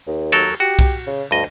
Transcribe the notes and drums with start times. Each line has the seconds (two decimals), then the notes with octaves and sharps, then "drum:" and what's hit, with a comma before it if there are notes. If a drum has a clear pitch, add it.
0.07 D#2
0.32 F#3 A4 A#4, drum: cymbal
0.60 F#4 G4
0.79 drum: kick, cymbal
1.07 C#3
1.31 D2 G2 D#5